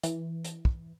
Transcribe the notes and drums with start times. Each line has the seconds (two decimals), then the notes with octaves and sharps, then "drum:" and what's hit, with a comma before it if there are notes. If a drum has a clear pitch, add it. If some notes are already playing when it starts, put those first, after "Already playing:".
0.03 E3, drum: hi-hat
0.45 drum: hi-hat
0.65 drum: kick